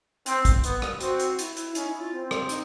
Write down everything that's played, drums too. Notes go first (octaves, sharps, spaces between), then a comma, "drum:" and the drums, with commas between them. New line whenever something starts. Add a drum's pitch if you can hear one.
C4, drum: hi-hat
drum: kick, hi-hat
B3, drum: hi-hat
drum: rim click
C4 F#4, drum: hi-hat
drum: hi-hat
E4, drum: hi-hat
drum: hi-hat
C#4 D#4, drum: hi-hat
E4
F4
C4
drum: rim click
D#4, drum: hi-hat